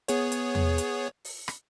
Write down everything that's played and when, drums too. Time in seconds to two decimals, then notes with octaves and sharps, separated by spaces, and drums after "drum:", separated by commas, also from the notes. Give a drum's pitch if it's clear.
0.08 B3 G#4 C#5, drum: hi-hat
0.32 drum: hi-hat
0.55 drum: tom E2
0.78 drum: hi-hat
1.25 drum: open hi-hat
1.48 drum: rim click